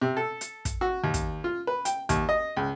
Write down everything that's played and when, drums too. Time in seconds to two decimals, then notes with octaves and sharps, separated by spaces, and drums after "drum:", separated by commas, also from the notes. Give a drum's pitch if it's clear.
0.02 C3
0.17 A4
0.41 drum: hi-hat
0.65 drum: kick, hi-hat
0.81 F#4
1.04 D#2
1.14 drum: kick, hi-hat
1.44 F4
1.67 B4
1.85 G5, drum: hi-hat
2.09 D#2, drum: kick, hi-hat
2.29 D#5
2.57 C#2